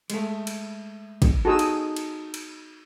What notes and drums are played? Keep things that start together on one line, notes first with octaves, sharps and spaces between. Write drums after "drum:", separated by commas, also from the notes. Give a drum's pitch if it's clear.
G#3 A3, drum: cymbal
drum: cymbal
drum: kick, cymbal
D#4 F#4 G#4 A4 E6
drum: cymbal
drum: cymbal
drum: cymbal